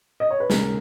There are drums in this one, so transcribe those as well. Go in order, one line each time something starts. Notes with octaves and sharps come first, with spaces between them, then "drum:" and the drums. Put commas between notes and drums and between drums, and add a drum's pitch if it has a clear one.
D#5
C#5
B4
D#2 C#3 G#3 A#4, drum: snare